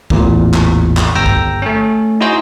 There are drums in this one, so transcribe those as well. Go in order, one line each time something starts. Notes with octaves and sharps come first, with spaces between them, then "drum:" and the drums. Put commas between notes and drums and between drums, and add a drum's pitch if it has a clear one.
A1 E2 A#2, drum: kick C2
drum: clap
drum: clap
G1 G5 A#5 E6 A#6
drum: kick C2
A3 C#4
D#4 E4 F#4 G#4 C5 D#5